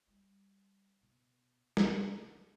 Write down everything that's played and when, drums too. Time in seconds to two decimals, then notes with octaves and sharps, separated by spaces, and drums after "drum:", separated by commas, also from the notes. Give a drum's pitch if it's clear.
0.08 G3
1.01 B2
1.77 D2 B2, drum: snare